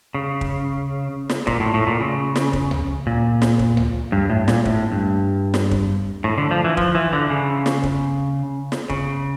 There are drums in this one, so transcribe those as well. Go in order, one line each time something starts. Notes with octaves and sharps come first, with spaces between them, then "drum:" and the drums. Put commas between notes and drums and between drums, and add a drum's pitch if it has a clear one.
C#3
drum: kick
drum: snare
A#2, drum: kick
A2
A2
A#2
C#3
drum: snare
drum: kick
drum: tom C#2
A#2
drum: snare
drum: kick
drum: tom C#2
G2
A2
A#2, drum: snare
A2, drum: kick
G2
drum: snare
drum: kick
A2
D3
F3
E3
F3, drum: kick
E3
D3
C#3
drum: snare
drum: kick
drum: snare
C#3, drum: kick